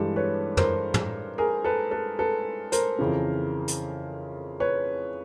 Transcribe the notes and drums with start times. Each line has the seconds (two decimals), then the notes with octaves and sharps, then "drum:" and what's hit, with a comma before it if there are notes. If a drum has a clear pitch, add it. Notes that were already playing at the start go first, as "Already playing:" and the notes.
Already playing: G2 E3 G#3 G4 A4
0.16 B4 C#5
0.57 A#4 C5, drum: tom
0.94 drum: tom
1.38 G#4 A#4
1.64 A4 B4
1.91 A4 B4
2.19 A4 B4
2.72 A#4 C5, drum: hi-hat
2.99 F2 C#3 E3
3.68 drum: hi-hat
4.60 B4 C#5